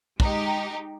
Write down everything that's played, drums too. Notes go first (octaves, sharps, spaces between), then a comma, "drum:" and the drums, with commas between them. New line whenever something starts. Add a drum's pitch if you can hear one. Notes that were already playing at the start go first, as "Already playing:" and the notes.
G#3 D#4 G4, drum: kick